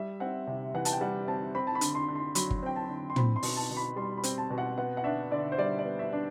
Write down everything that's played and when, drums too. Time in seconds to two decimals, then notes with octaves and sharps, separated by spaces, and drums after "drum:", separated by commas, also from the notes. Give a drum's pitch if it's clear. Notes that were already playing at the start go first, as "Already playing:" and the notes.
Already playing: G3 E5
0.20 C4 F#5
0.47 C3
0.75 E3 F#5
0.85 A5, drum: hi-hat
0.92 G5
1.01 G3 F#5
1.27 C4 A5
1.55 C4 B5
1.67 A5
1.75 B5
1.81 D3, drum: hi-hat
1.95 C6
2.08 D3
2.15 C6
2.35 F#3 B5, drum: hi-hat
2.50 drum: kick G1
2.63 C4 G5
2.76 A5
2.89 D3
3.10 C6
3.16 C4 B5, drum: tom
3.36 C6
3.43 B2, drum: open hi-hat
3.56 A5
3.70 B2
3.77 B5
3.96 G3 C6
4.18 B5
4.23 C4, drum: hi-hat
4.38 A5
4.50 B2
4.58 F#5
4.78 B3 F#5
4.97 F#5
5.04 D4 E5
5.31 D3 D5
5.52 C5
5.58 G3 D5
5.79 D5
5.85 B3
5.99 E5
6.13 D4